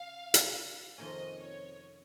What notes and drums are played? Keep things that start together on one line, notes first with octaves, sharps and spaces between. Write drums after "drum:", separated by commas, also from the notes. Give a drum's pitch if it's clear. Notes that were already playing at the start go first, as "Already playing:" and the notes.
Already playing: C#3 F5
drum: hi-hat
F2 C3 D#3 A#3 C#4 D#5
C#5